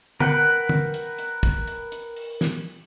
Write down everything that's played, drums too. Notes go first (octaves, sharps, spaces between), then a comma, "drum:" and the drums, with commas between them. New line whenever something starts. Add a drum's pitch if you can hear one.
A#4 B4 F#5 G5, drum: tom
drum: tom
drum: hi-hat
drum: hi-hat
drum: kick, hi-hat
drum: hi-hat
drum: hi-hat
drum: open hi-hat
drum: snare